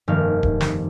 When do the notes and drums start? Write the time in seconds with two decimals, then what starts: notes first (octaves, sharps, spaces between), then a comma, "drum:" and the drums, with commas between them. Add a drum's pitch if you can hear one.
0.08 F1 G2 D#3 A#3 F5 F6
0.43 drum: kick D1
0.61 drum: snare